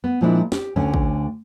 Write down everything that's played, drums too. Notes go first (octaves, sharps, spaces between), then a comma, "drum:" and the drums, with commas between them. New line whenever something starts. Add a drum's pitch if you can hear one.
B3
A#2 F3 G#3 A#3 D4 E4
G4, drum: snare
D2 D3 A3 C#4
drum: kick